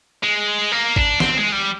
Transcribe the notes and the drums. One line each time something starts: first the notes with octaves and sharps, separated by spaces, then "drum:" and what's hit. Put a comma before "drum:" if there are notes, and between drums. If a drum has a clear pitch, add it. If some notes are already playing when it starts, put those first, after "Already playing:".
G#3
A#3
D4, drum: kick
C4, drum: snare
G#3
G3